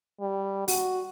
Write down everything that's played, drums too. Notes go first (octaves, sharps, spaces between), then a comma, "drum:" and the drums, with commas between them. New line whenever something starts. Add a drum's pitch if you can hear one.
G3
F#4, drum: open hi-hat